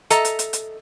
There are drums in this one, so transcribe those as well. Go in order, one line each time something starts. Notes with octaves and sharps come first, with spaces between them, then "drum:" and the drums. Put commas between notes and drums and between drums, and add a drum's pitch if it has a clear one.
A4 D#5 E5 A#5, drum: hi-hat
drum: hi-hat
drum: hi-hat
drum: hi-hat